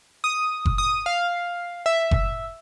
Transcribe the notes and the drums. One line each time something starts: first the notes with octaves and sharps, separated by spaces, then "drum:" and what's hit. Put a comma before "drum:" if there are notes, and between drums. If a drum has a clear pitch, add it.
D#6
drum: kick F#1
D#6
F5
E5
drum: kick F#1